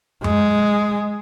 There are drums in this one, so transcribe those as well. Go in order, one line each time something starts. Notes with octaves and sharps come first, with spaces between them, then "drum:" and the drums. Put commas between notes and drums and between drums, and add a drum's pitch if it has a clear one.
G#3, drum: tom F#2